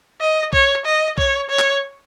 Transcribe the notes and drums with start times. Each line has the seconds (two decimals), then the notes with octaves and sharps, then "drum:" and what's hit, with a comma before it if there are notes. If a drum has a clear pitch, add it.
0.21 D#5
0.53 C#5, drum: kick B1
0.86 D#5
1.18 C#5, drum: kick B1
1.50 C#5
1.59 drum: clap